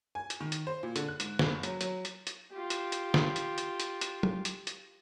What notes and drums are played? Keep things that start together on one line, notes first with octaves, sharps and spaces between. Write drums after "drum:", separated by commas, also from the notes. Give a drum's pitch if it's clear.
G#5
drum: hi-hat
D#3
drum: hi-hat
C5
A#2
D3, drum: hi-hat
F#6
G#2, drum: hi-hat
F#1, drum: snare
F#3, drum: hi-hat
F#3, drum: hi-hat
drum: hi-hat
drum: hi-hat
F4 G4
drum: hi-hat
drum: hi-hat
drum: snare
drum: hi-hat
drum: hi-hat
drum: hi-hat
drum: hi-hat
drum: tom
drum: hi-hat
drum: hi-hat